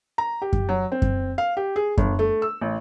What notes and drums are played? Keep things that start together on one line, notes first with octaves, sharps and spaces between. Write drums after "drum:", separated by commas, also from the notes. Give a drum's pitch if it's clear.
A#5
G4
drum: kick F#2
F#3
C4
drum: kick F#2
F5
G4
G#4
G1, drum: kick F#2
A3
E6
A1